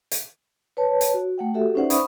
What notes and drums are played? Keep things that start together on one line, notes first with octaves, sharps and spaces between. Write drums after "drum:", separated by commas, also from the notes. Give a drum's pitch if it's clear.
drum: hi-hat
B4 C#5 A5
drum: hi-hat
F#4
A3 F#5 G5
F#4 G4 A4 E5
C#4 D#4 B4 C5 D5 F#5
E5 B5 C#6 D#6, drum: hi-hat